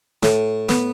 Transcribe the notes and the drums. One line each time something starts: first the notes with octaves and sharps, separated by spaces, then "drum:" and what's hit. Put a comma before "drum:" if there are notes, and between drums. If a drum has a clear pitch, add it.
A2, drum: snare
B3, drum: snare